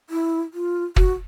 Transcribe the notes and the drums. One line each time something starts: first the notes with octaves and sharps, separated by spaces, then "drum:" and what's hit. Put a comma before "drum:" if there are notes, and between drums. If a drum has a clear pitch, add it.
E4
F4
F#4, drum: kick